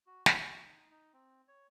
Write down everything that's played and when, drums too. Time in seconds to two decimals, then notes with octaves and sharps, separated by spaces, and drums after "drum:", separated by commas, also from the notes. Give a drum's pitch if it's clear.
0.07 F#4
0.26 F#4, drum: snare
0.65 D#4
0.90 D#4
1.13 C4
1.48 C#5